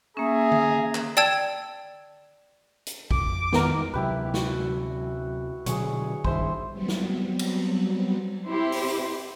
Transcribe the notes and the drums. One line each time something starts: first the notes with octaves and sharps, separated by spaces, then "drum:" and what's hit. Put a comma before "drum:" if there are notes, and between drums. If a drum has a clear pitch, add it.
A#3 C#4 G#4 E5 A#5
drum: tom D3
drum: clap
D5 G5 A5 E6 G#6
drum: hi-hat
F2 D6, drum: kick A1
D#3 B3 A#4 A#5, drum: snare
D2 C3 F#3 E4 G4 B4
F#4, drum: snare
B2 D3 F#3 G#4 C#5, drum: hi-hat
G2 D#3 E4 C5 C6, drum: kick A1
F#3 G3 B3 C4
drum: snare
drum: cymbal
C4 E4 G4 C5
drum: open hi-hat
drum: tambourine